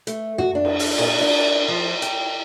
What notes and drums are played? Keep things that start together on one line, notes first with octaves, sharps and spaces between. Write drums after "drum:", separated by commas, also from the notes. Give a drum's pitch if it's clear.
A3, drum: hi-hat
F#4, drum: tom
D4
drum: cymbal
drum: open hi-hat
A#2, drum: cymbal
D4
F3
G5, drum: hi-hat